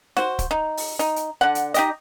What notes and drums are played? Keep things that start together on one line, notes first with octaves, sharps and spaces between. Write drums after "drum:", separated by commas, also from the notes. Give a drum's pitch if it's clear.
F#4 C5, drum: snare
drum: kick C#1, hi-hat
D#4
drum: open hi-hat
D#4, drum: hi-hat
drum: hi-hat
D3 F#5
drum: hi-hat
D#4 G4 D#5, drum: hi-hat